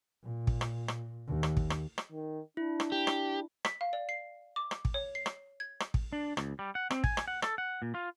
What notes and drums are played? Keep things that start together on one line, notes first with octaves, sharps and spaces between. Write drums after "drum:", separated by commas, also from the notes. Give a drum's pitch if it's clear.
A#2
drum: kick
drum: rim click
drum: rim click
D#2
drum: rim click
drum: kick
drum: rim click
drum: rim click
D#3
D4 E4
drum: rim click
G4
drum: rim click
B6, drum: rim click
F5
D5
C7
D6
drum: rim click
drum: kick
C#5
C7
drum: rim click
G#6
drum: rim click
drum: kick
D4
C#2, drum: rim click
G3
F#5
C4, drum: rim click
G#5, drum: kick
drum: rim click
F#5
A4, drum: rim click
F#5
A#2
F4